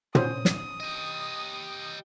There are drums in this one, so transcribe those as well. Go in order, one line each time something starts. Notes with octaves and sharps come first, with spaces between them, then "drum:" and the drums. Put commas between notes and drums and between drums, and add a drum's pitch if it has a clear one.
C#4 C5 D#6, drum: tom
drum: snare
G4 D#5